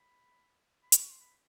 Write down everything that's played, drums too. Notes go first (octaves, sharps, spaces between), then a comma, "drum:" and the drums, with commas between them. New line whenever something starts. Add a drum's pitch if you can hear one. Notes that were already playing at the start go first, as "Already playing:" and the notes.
Already playing: B5
B5
C6, drum: hi-hat
C#6
C6
B5